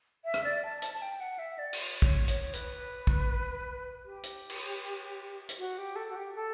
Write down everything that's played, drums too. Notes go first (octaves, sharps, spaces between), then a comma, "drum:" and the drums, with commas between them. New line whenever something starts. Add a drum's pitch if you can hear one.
E5
drum: rim click
D5
A5
A5, drum: hi-hat
A5
G5
F#5
E5
D5
drum: cymbal
C#5, drum: kick
C#5, drum: hi-hat
B4, drum: hi-hat
drum: kick
G4
drum: hi-hat
drum: cymbal
drum: hi-hat
F#4
G4
A4
F#4
G4
A4